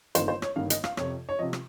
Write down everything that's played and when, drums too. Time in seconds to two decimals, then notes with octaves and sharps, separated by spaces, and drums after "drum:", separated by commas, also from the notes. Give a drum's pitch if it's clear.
0.15 G1 G2 D#3 A#3 C5, drum: hi-hat
0.28 C5
0.42 C#5, drum: rim click
0.56 G1 G2 D#3 A#3 F5
0.70 D#5, drum: hi-hat
0.84 F5, drum: rim click
0.97 F2 C3 F3 C#5, drum: rim click
1.29 C#5
1.39 C3 F3 D#5
1.53 drum: rim click